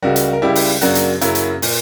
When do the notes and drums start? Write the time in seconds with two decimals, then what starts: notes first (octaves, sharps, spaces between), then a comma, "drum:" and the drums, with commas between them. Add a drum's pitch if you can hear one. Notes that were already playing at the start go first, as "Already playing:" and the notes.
0.02 C#2 C#3 G3 F#4 A#4
0.16 drum: hi-hat
0.33 A#4
0.42 C#2 C#3 G3 E4 G4
0.55 drum: open hi-hat
0.81 F#2 C#3 F#3 A#3 D4 F#4, drum: hi-hat
0.95 drum: hi-hat
1.21 F#2 C#3 F#3 A#3 C#4 E4, drum: hi-hat
1.35 drum: hi-hat
1.62 A#2 A#3, drum: open hi-hat